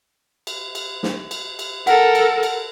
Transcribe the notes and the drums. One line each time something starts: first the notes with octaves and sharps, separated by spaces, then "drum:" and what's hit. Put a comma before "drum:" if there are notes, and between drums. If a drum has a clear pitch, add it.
drum: cymbal
drum: cymbal
drum: snare
drum: cymbal
drum: cymbal
A4 A#4 F#5, drum: cymbal
drum: cymbal
drum: cymbal